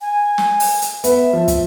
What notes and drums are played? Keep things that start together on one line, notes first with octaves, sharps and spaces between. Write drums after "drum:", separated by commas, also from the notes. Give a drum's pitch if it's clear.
G#5
drum: snare
drum: open hi-hat
drum: hi-hat
B3 E5, drum: hi-hat
F3
drum: kick, hi-hat